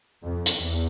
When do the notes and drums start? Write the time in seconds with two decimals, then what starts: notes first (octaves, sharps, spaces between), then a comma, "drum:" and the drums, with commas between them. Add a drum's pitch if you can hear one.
0.24 F2
0.46 drum: hi-hat
0.58 E2